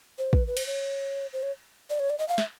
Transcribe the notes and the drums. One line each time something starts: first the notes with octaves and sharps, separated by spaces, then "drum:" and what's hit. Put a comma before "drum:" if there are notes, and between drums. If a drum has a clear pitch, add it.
C5
B4, drum: kick
B4
C5, drum: cymbal
C#5
C5
C#5
D5
C#5
D5
D#5
F5
E5, drum: snare